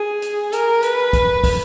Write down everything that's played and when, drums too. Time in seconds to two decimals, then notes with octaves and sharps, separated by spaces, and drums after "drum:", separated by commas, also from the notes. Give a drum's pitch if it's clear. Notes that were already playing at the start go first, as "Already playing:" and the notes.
Already playing: G#4
0.22 drum: hi-hat
0.53 A#4, drum: hi-hat
0.83 B4, drum: hi-hat
1.13 drum: kick, hi-hat
1.44 drum: kick, open hi-hat